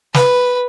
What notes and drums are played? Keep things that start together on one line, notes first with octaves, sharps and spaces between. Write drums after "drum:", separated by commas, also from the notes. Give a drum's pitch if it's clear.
B4, drum: snare